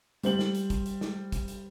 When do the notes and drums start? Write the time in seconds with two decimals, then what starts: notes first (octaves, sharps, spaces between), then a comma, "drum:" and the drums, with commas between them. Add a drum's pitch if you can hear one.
0.23 G3 C5 F#7, drum: hi-hat
0.39 drum: snare
0.55 drum: hi-hat
0.70 drum: kick, hi-hat
0.86 drum: hi-hat
1.01 drum: snare
1.32 drum: kick, hi-hat
1.48 drum: hi-hat